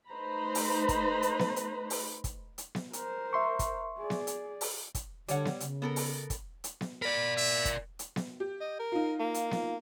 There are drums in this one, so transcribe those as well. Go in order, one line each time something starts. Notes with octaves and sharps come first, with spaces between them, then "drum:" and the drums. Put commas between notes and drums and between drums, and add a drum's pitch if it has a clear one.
A3 D#4 B4 C5 A#5 B5
drum: open hi-hat
drum: kick, hi-hat
drum: hi-hat
drum: snare B3
drum: hi-hat
drum: open hi-hat
drum: kick, hi-hat
drum: hi-hat
drum: snare B3
A#4 C5, drum: hi-hat
E5 C6 C#6
drum: kick, hi-hat
G#4 D5
drum: snare B3
drum: hi-hat
drum: open hi-hat
drum: kick, hi-hat
D3 G3 C#5 F#5, drum: hi-hat
drum: snare B3
C#3, drum: hi-hat
B3 A4 A#4
drum: open hi-hat
drum: kick, hi-hat
drum: hi-hat
drum: snare B3
A#4 D5 B5
E5
drum: kick, hi-hat
drum: hi-hat
drum: snare B3
G4
D#5
A#4
D#4 F4
A#3
drum: hi-hat
drum: snare B3